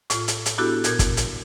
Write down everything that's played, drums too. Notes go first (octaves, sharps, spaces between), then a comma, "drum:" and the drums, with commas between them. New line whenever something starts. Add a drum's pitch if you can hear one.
A2 F4, drum: hi-hat
drum: hi-hat
drum: hi-hat
B3 D4 E4 F#4 G4 A4
A#2 A#4 G6 G#6, drum: hi-hat
drum: kick, hi-hat
drum: hi-hat